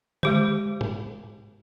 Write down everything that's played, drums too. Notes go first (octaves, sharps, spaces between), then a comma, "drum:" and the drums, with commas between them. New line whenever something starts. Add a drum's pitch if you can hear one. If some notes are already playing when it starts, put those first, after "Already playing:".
G#3 G4 C5, drum: tom D3
drum: tom G#2